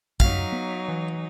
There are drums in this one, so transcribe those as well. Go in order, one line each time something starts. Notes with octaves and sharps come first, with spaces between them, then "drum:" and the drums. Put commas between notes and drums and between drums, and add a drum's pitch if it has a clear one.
F#2 F#3 D#4 F5 B6, drum: kick
B3
E3